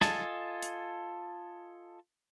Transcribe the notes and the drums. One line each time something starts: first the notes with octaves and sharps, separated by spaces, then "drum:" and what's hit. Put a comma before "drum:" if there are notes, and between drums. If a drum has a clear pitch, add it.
F4 A4 D#5 G#5 A5, drum: snare
drum: hi-hat